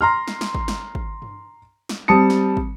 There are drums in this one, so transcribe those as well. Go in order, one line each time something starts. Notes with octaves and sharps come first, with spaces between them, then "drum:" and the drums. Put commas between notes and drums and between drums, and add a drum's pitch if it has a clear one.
A#5 C6 F6
drum: snare
drum: snare
drum: kick
drum: snare
drum: kick
drum: tom G2
drum: snare
G3 C4 A5 D#6 C#7
drum: snare
drum: kick